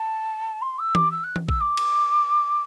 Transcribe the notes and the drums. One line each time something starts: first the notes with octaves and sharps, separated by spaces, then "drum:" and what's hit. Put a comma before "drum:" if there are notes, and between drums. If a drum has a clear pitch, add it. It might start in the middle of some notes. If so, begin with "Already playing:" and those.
Already playing: A5
C6
E6
D6, drum: tom E3
E6
F#6
drum: tom E3
E6, drum: kick A#1
D6
drum: cymbal